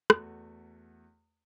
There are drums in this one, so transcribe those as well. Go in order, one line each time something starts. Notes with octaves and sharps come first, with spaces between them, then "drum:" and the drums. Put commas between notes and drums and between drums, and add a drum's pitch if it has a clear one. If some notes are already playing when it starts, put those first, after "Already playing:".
E2 A3 F#4, drum: rim click